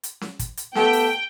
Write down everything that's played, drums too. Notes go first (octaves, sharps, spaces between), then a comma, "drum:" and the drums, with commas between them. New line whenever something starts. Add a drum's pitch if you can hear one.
drum: hi-hat
drum: snare C#4
drum: kick, hi-hat
drum: hi-hat
A3 B3 G4 G5, drum: snare C#4
drum: open hi-hat